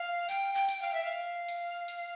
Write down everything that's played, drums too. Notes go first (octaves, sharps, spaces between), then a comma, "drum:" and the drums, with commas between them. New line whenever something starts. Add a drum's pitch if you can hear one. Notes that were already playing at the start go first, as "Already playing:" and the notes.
Already playing: F5
G5, drum: tambourine
G5
drum: tambourine
F5
E5
F5
drum: tambourine
drum: tambourine